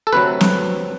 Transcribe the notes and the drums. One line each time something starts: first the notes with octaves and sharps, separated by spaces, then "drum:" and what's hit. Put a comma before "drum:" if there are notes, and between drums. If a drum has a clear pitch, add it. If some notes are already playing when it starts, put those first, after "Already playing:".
A4
D2 C3 F#3 B4
drum: snare